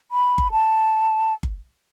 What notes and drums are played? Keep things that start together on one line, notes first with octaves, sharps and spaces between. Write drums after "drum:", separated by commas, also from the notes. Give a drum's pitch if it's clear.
B5
drum: kick G1
A5
drum: kick G1